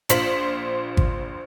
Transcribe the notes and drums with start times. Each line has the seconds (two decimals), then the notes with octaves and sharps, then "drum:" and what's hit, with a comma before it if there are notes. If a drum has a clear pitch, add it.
0.09 A#1 F4 C5 B6 F#7, drum: hi-hat
0.97 drum: kick G#1